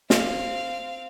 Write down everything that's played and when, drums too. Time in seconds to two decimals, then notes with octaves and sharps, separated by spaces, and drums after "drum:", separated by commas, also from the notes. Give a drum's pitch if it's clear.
0.10 C4 F5, drum: snare